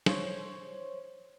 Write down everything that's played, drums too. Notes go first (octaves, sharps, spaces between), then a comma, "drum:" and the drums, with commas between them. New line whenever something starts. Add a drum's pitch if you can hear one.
C5 C#5, drum: snare